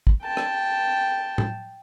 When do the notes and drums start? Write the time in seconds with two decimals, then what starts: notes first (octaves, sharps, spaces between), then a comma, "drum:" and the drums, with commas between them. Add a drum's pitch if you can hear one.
0.07 drum: kick
0.22 G5 A5
0.37 drum: rim click
1.38 drum: tom A2